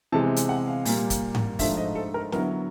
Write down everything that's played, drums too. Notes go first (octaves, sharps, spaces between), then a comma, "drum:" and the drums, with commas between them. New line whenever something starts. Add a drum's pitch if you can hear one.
C3 E3 G#3 B3 A5
drum: hi-hat
F#5
F5
A#2 G3 A#3, drum: open hi-hat
drum: kick, hi-hat
drum: tom G#2
G#2 F3 A3 D4 F4 E5, drum: kick, open hi-hat
D#5
A4
A#4
D3 F#3 B3 E4 A#4, drum: snare